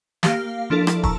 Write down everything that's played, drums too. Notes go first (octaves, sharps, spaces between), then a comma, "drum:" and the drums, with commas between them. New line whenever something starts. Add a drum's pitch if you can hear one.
A#3 G4 F5, drum: snare
F3 D4 E4 A4 A#4
drum: rim click
A5 A#5 C#6 E6, drum: kick